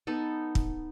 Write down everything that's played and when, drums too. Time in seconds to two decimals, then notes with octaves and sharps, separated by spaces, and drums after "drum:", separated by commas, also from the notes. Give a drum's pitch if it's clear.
0.07 B3 D#4 A4
0.55 drum: kick